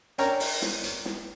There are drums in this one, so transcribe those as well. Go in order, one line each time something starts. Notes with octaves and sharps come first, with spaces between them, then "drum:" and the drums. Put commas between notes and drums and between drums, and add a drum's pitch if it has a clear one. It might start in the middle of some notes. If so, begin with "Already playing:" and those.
C#4 D4 A#4 C#5 G5 A#5, drum: hi-hat
drum: open hi-hat
drum: snare
drum: hi-hat
drum: snare